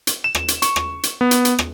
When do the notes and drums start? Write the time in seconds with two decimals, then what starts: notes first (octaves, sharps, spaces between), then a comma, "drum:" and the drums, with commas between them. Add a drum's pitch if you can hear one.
0.07 drum: hi-hat
0.24 E7
0.35 drum: rim click
0.48 drum: hi-hat
0.62 C#6, drum: hi-hat
0.76 drum: rim click
1.03 drum: hi-hat
1.21 B3
1.31 drum: hi-hat
1.45 drum: hi-hat
1.59 drum: rim click